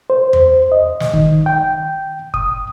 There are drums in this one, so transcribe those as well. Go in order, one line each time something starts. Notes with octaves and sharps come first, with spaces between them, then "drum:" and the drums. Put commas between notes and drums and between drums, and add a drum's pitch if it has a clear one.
C5
drum: tom E2
D#5
drum: snare
D#3, drum: kick
G5
D#6, drum: kick